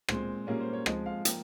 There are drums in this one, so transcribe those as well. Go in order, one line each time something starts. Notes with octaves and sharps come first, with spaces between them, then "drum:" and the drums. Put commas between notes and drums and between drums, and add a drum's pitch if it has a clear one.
A#2 G#3 C4 C5, drum: rim click
A#2 G3 A#3 C#4 G#4
C5
C#5
F3 G#3 C4 D#5, drum: rim click
F5
F3 A#3 G5, drum: hi-hat